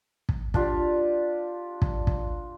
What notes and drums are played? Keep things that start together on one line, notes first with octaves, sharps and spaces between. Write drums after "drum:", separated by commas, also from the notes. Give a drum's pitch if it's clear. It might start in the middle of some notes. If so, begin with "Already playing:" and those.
drum: kick
D4 F4 G4, drum: kick
drum: kick
drum: kick